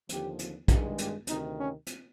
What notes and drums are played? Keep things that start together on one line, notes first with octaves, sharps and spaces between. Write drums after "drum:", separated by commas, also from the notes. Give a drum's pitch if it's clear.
D#2 D3 F3 G4, drum: hi-hat
drum: hi-hat
G2 D#3 G#3, drum: kick, hi-hat
G4, drum: hi-hat
D2 C3 D#3 D#4, drum: hi-hat
C#4
drum: hi-hat